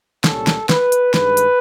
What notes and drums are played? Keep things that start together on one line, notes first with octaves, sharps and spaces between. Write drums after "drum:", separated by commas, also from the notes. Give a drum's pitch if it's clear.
C2 A#2 G3 A#3 C#4 A4, drum: snare
drum: snare
B4, drum: snare
drum: hi-hat
G2 D#3 G#3 B4, drum: snare
drum: hi-hat